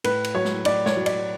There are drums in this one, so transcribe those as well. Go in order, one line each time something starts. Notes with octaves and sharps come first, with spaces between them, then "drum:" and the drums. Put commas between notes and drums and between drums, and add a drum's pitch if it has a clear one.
A2 B4, drum: cymbal
drum: cymbal
F#3 C#5
drum: snare
A2 D5, drum: cymbal
C#5, drum: snare
F#3
D5, drum: cymbal